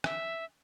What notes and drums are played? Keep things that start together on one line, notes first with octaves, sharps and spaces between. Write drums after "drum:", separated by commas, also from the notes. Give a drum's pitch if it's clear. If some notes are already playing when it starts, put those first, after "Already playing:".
E5, drum: rim click